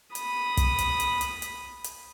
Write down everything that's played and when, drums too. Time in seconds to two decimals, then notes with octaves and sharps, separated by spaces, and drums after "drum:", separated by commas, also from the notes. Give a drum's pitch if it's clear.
0.15 B5 D#6, drum: hi-hat
0.57 drum: kick, hi-hat
0.79 drum: hi-hat
1.00 drum: hi-hat
1.21 drum: hi-hat
1.42 drum: hi-hat
1.84 drum: hi-hat